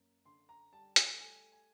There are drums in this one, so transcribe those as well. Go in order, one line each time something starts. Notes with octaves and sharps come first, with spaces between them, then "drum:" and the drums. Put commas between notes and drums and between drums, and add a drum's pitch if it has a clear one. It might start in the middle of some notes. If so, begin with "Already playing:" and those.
Already playing: F#2 A#3
D3 C6
A#5
G3 A5
G#5, drum: hi-hat
A3 G#5
G#5